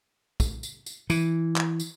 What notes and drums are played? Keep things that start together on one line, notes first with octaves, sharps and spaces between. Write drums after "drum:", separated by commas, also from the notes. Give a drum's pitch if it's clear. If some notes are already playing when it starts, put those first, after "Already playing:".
drum: kick, tambourine
drum: tambourine
drum: tambourine
E3, drum: tambourine
drum: clap
drum: tambourine